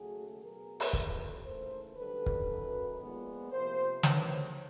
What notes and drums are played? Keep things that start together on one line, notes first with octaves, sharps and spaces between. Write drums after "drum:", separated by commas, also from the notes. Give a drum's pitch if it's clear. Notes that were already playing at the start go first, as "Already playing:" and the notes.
Already playing: D#2 C#3 F#3 A3 F#4 G#4
B2 F#3 B3 G#4 A#4
drum: open hi-hat
F2 C3 E3 G3 A#3 A4 B4, drum: kick
D#2 C#3 E3 A3 A#4 C5
F#2 D3 G3 A4 B4
drum: kick
F#2 D#3 F#3
A#2 F3 G#3 B3
C3 F3 A#3 A#4 C5
D2 C3 D#3 F#3 A3 B4 C#5, drum: snare